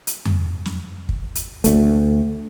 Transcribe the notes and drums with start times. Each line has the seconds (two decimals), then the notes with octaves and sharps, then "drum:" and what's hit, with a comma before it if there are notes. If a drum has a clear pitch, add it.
0.07 drum: hi-hat
0.25 drum: tom F2
0.65 drum: snare
1.09 drum: kick
1.35 drum: hi-hat
1.64 D2 A3, drum: hi-hat